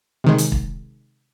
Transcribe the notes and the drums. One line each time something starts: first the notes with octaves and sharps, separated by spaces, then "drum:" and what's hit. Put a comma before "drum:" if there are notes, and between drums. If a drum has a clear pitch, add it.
C3 D#3 G#3
drum: hi-hat
drum: kick